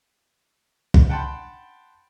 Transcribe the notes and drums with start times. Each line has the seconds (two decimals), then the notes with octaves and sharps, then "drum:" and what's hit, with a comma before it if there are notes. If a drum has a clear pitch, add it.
0.94 drum: kick
1.09 F#5 G5 A5 B5 C6